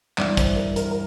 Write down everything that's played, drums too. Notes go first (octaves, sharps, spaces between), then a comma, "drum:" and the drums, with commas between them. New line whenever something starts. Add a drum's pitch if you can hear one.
G2 E3 D5, drum: clap
C5, drum: kick, hi-hat
A#4
A#4, drum: hi-hat
A#4